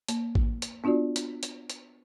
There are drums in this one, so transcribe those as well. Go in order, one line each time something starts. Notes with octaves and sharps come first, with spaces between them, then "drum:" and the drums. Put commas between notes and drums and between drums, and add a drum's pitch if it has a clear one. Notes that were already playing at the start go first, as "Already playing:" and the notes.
A#3, drum: hi-hat
drum: kick A1
drum: hi-hat
B3 D4 F4 F#4 D5
drum: hi-hat
drum: hi-hat
drum: hi-hat